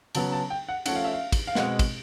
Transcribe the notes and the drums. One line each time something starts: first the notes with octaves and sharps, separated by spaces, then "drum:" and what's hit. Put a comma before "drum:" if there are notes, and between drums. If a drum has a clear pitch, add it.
C#3 F#3 B3 A5, drum: cymbal
A5
G5
F#5
F3 A3 C#4 F#5, drum: cymbal
F5
E5
F5
drum: kick, cymbal
F5
B2 G#3 C4 F#5, drum: snare
drum: kick, cymbal